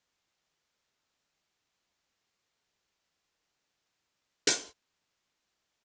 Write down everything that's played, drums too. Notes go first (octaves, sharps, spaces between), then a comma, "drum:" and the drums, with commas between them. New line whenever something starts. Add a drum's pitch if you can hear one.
G#3 B3 D#4 F#4 G4
F#2 C3 A#3 D4 C5 A5
F4 A4 D#5
A#2 C#3 D#4
A#3 C4 D4 F#5
F4
drum: hi-hat
B3